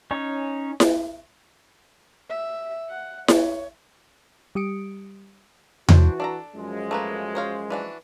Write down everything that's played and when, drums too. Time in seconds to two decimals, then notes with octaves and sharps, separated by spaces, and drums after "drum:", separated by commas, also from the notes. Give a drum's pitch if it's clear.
0.11 C#4 D#4 C#5
0.80 drum: snare E4
2.29 E5
2.89 F#5
3.28 C#5, drum: snare E4
4.55 G3 G4 D#6 C#7 D7
5.89 E3 D4 F#4 C5, drum: tom E2
6.20 D4 A4 A#5
6.56 F#2 F3 G#3
6.91 A3 A#3 B4
7.35 C5 C#5 F5
7.70 E3 D4 F#4